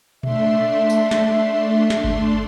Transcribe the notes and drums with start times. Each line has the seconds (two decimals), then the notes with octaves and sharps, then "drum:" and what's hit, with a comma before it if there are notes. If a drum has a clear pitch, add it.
0.23 A3 D4 E5 C6, drum: tom A#2
0.90 drum: tambourine
1.11 drum: snare
1.90 drum: snare
2.04 drum: kick G1